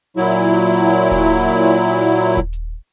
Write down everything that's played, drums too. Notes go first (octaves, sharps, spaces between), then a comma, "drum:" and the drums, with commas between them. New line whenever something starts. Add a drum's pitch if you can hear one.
A#2 F#3 E4
drum: hi-hat
drum: hi-hat
drum: hi-hat
drum: kick D#1, hi-hat
drum: hi-hat
drum: hi-hat
drum: hi-hat
drum: hi-hat
drum: kick D#1, hi-hat
drum: hi-hat